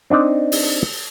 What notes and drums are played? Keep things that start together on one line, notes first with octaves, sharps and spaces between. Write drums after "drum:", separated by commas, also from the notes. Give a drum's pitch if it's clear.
C4 D4 D#4
drum: open hi-hat